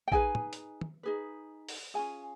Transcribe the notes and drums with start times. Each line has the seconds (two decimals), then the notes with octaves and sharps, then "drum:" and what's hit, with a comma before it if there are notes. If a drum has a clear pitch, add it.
0.08 G5
0.12 D#4 G#4 B4 G#5, drum: kick A1
0.35 drum: tom
0.53 drum: hi-hat
0.81 drum: tom
1.03 D#4 G#4 B4
1.69 drum: open hi-hat
1.94 C#4 F4 G#4 G#5